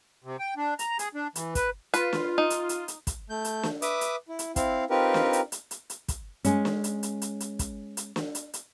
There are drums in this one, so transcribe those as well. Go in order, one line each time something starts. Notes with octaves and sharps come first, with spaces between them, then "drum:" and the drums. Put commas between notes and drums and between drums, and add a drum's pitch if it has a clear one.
C3
G5
D4
A#5, drum: hi-hat
G#4, drum: hi-hat
D4
E3, drum: hi-hat
B4, drum: kick, hi-hat
F4 B4, drum: hi-hat
drum: snare
D#4
drum: hi-hat
drum: hi-hat
drum: hi-hat
drum: kick, hi-hat
A3 G6
drum: hi-hat
drum: snare
B4 E5 D6 D#6, drum: hi-hat
drum: hi-hat
E4
drum: hi-hat
C4 E4 F5, drum: kick, hi-hat
C4 D#4 F4 G4 A#4 B4
drum: snare
drum: hi-hat
drum: hi-hat
drum: hi-hat
drum: hi-hat
drum: kick, hi-hat
G#3 C#4, drum: hi-hat
drum: snare
drum: hi-hat
drum: hi-hat
drum: hi-hat
drum: hi-hat
drum: kick, hi-hat
drum: hi-hat
drum: snare
drum: hi-hat
drum: hi-hat